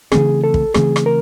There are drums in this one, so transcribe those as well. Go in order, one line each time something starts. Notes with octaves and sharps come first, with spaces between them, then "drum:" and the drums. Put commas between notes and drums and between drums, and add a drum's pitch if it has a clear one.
C#3 E3 A3 C4 G#4, drum: rim click
A4
drum: kick
C#3 E3 A3 C4 G#4, drum: rim click
drum: rim click
A#4